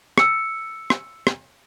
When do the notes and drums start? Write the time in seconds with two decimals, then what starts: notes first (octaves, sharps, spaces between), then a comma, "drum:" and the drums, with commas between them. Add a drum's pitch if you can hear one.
0.18 E6 C#7, drum: rim click
0.90 drum: rim click
1.27 drum: rim click